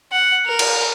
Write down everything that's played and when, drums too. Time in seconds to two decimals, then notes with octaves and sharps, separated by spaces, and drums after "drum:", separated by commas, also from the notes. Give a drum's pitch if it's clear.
0.12 F#5
0.46 A#4
0.59 drum: cymbal